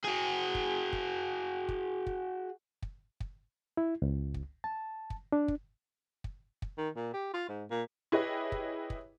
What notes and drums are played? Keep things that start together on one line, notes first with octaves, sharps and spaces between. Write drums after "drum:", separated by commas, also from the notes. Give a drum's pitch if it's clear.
F#4 G#4
drum: kick
drum: kick
drum: kick
drum: kick
drum: kick
drum: kick
E4
C#2
drum: kick
A5
drum: kick
D4
drum: kick
drum: kick
drum: kick
D#3
A#2
G4
F4
G#2
A#2
E4 G4 G#4 B4 C#5 D#5
drum: kick
drum: kick